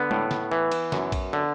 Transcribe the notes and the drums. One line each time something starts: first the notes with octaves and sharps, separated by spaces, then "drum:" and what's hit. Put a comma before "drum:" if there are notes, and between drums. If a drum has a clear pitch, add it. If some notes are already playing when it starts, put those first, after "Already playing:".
Already playing: D3 B3
A2, drum: tom
drum: snare
E3
drum: cymbal
F#2, drum: snare
drum: kick A#1, cymbal
D3